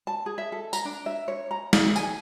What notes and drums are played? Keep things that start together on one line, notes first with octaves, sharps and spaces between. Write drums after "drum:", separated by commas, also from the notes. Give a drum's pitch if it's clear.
A5
G#4
E5
A4
A#5, drum: tambourine
D4
E5
C#5
A#5
G#4, drum: snare
G#5, drum: tambourine